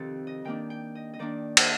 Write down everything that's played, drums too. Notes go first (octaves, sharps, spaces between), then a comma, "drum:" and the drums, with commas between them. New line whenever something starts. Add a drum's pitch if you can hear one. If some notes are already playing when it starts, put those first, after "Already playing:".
Already playing: F2 C3 D#3 G4 A4
D#5
D#3 A#3 D4 G5
G5
D#5
D#5
D#3 A#3 D4 D5
A#4, drum: cymbal